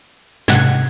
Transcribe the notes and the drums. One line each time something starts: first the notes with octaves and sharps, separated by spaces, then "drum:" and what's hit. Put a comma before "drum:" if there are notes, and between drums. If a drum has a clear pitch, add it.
G#2 C3 F#5 G#6, drum: snare